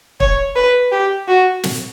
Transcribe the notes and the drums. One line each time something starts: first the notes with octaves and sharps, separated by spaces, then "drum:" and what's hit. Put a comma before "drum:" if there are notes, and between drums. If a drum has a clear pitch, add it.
C#5, drum: kick
B4
G4
F#4
drum: snare